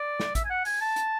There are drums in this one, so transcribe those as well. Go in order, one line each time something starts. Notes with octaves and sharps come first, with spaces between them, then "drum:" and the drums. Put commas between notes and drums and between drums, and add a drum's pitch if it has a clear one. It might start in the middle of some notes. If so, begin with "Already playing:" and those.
Already playing: D5
drum: snare
E5, drum: kick A1, hi-hat
G#5
F#5
G#5, drum: open hi-hat
A5
drum: hi-hat